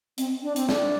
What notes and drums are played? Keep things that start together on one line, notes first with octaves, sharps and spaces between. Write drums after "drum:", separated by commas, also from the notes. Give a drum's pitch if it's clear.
C4, drum: hi-hat
D4
C4, drum: hi-hat
D4, drum: snare